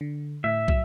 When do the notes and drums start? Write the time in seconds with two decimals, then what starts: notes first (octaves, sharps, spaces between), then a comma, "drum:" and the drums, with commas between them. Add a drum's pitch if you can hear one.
0.01 D3
0.44 A2 E5
0.68 F#3 E6, drum: kick